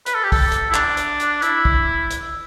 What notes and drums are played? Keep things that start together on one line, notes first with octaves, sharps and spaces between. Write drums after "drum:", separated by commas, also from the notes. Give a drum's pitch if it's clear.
B4, drum: hi-hat
A4
G4
A4, drum: kick, open hi-hat
drum: hi-hat
E4
D4, drum: clap
drum: hi-hat
drum: hi-hat
E4, drum: hi-hat
drum: kick
drum: hi-hat